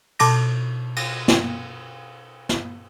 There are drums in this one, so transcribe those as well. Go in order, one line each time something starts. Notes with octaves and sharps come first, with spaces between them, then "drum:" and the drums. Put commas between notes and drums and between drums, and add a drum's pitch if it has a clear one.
B2 A5 D6 A#6, drum: cymbal
drum: cymbal
drum: snare
drum: snare